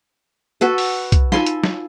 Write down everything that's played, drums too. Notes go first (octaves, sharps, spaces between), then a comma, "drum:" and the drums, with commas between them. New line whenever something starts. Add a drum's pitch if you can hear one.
F#4 A4 B4
drum: open hi-hat
drum: kick, hi-hat
D#4 F4 A4 F5 G#5 C6, drum: snare
drum: hi-hat
drum: snare